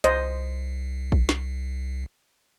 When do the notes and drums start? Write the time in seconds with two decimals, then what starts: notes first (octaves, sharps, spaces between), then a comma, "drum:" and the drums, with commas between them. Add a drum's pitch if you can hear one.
0.04 C2 C5 D#5, drum: hi-hat
1.12 drum: kick
1.29 drum: snare